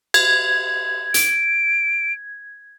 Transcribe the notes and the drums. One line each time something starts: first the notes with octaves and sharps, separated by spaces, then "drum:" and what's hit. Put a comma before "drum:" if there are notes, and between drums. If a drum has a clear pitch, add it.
G#6, drum: cymbal
D7, drum: hi-hat